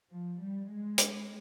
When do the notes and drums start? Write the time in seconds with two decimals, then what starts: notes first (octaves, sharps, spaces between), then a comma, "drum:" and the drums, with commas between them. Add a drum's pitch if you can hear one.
0.11 F3
0.40 G3
0.71 G#3
0.98 drum: hi-hat